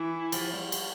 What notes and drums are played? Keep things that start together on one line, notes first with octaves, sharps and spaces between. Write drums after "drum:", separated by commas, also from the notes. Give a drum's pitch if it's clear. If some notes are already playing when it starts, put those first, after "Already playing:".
Already playing: E3 E4
F3, drum: cymbal
G3
drum: cymbal